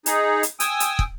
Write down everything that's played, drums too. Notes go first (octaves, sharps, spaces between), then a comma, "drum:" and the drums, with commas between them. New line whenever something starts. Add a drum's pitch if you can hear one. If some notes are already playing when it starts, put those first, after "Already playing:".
D#4 G#4, drum: hi-hat
drum: hi-hat
G5 G#5 D#6 E6, drum: hi-hat
drum: hi-hat
drum: kick